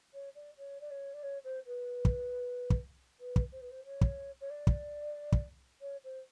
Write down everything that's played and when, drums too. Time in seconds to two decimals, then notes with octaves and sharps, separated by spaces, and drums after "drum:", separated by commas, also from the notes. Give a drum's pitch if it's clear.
0.14 C#5
0.35 D5
0.57 C#5
0.80 D5
0.90 C#5
1.13 D5
1.23 C#5
1.44 C5
1.66 B4
2.05 drum: kick
2.70 drum: kick
3.20 B4
3.36 drum: kick
3.52 C5
3.61 B4
3.71 C5
3.85 C#5
4.01 drum: kick
4.40 C#5
4.50 D5
4.67 drum: kick
5.32 drum: kick
5.81 C#5
6.04 C5